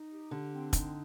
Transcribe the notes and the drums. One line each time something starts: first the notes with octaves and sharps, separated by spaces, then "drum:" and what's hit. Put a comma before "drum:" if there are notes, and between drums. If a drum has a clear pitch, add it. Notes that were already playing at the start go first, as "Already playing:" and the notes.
Already playing: D#4
G4
D3 G4
C4
D#4, drum: kick, hi-hat